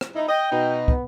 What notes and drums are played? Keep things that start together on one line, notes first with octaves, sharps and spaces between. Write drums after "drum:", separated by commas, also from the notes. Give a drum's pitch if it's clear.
drum: rim click
D#4 E4
D#5 G5
B2 D#4
B3, drum: kick